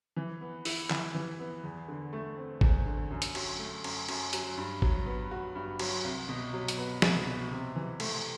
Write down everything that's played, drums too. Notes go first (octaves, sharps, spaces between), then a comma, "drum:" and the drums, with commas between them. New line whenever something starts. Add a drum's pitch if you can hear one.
E3
B3
E4, drum: open hi-hat
E3, drum: clap
E3
B3
E2
D3
A3
C4
E2, drum: kick G#1
D3
F#2
drum: hi-hat
F#3, drum: cymbal
A3
F#2, drum: cymbal
F#2, drum: cymbal
F#3, drum: hi-hat
G2
F#3, drum: kick G#1
B3
F#4
G2
F#3, drum: cymbal
C2
B2
F#3
drum: hi-hat
B3
C2, drum: snare
B2
C3
E3
A3, drum: cymbal